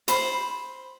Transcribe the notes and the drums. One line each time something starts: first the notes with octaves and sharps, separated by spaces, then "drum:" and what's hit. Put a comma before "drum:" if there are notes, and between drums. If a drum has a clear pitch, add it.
C5 B5, drum: hi-hat